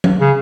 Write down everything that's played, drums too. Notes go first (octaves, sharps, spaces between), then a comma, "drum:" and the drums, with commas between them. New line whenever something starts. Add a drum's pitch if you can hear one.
drum: tom F#3
C#3